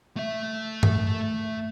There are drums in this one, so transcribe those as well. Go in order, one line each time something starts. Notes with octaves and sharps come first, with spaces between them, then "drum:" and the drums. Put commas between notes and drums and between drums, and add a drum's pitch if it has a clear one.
A3 E5
drum: tom G2